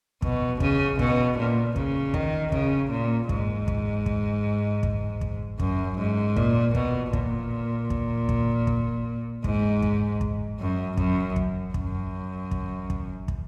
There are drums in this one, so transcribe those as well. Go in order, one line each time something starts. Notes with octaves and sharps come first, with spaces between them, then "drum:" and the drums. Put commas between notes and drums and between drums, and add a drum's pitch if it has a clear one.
B2, drum: kick
C#3, drum: kick
B2, drum: kick
A#2
C#3, drum: kick
D#3, drum: kick
C#3, drum: kick
A#2
G#2, drum: kick
drum: kick
drum: kick
drum: kick
drum: kick
F#2, drum: kick
G#2
A#2, drum: kick
B2, drum: kick
A#2, drum: kick
drum: kick
drum: kick
drum: kick
G#2, drum: kick
drum: kick
drum: kick
F#2
F#2, drum: kick
drum: kick
F#2, drum: kick
drum: kick
drum: kick
drum: kick